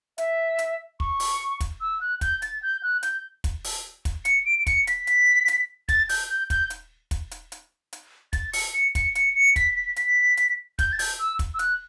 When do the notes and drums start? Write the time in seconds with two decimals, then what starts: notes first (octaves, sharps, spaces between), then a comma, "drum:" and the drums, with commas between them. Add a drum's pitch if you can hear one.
0.18 E5, drum: hi-hat
0.59 drum: hi-hat
1.00 C#6, drum: kick
1.20 drum: open hi-hat
1.60 drum: kick, hi-hat
1.81 E6
2.01 F#6
2.21 G6, drum: kick, hi-hat
2.42 A6, drum: hi-hat
2.63 G6
2.83 F#6
3.03 G6, drum: hi-hat
3.44 drum: kick, hi-hat
3.64 drum: open hi-hat
4.05 drum: kick, hi-hat
4.25 C#7, drum: hi-hat
4.46 D7
4.59 D7
4.67 C#7, drum: kick, hi-hat
4.87 B6, drum: hi-hat
5.07 drum: hi-hat
5.48 drum: hi-hat
5.89 A6, drum: kick, hi-hat
6.09 G6, drum: open hi-hat
6.29 G6
6.50 G6, drum: kick, hi-hat
6.70 drum: hi-hat
7.11 drum: kick, hi-hat
7.31 drum: hi-hat
7.52 drum: hi-hat
7.93 drum: hi-hat
8.33 A6, drum: kick, hi-hat
8.53 C#7, drum: open hi-hat
8.74 C#7
8.95 C#7, drum: kick, hi-hat
9.15 C#7, drum: hi-hat
9.36 C#7
9.56 B6, drum: kick, hi-hat
9.76 B6
9.96 B6, drum: hi-hat
10.37 drum: hi-hat
10.79 G6, drum: kick, hi-hat
10.92 A6
10.99 G6, drum: open hi-hat
11.19 E6
11.39 drum: kick, hi-hat
11.54 E6
11.59 F#6, drum: hi-hat